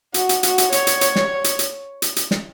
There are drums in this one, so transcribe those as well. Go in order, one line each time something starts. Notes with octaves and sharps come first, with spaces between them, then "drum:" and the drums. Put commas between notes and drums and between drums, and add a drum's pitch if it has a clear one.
F#4, drum: hi-hat
drum: hi-hat
F#4, drum: hi-hat
drum: hi-hat
C#5, drum: hi-hat
drum: hi-hat
drum: hi-hat
drum: snare
drum: hi-hat
drum: hi-hat
drum: hi-hat
drum: hi-hat
drum: snare